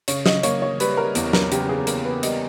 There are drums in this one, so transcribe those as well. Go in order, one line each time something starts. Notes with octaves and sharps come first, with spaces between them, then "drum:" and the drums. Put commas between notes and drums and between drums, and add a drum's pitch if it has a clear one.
C#3 C#5, drum: hi-hat
D#5, drum: snare
A#3 C#5, drum: hi-hat
C#5
G3 B4, drum: hi-hat
A#4
E2, drum: hi-hat
A#4, drum: snare
C#3 G4, drum: hi-hat
G#4
A#3 A#4, drum: hi-hat
B4
G3 D#5, drum: hi-hat